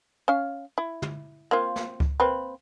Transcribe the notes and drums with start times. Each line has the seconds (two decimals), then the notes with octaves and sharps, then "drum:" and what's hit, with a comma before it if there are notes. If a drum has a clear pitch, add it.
0.28 C#4 F5
0.78 E4
1.02 drum: tom
1.51 A#3 C4 F4
1.76 drum: snare
2.00 drum: kick C#2
2.20 A#3 C4 B4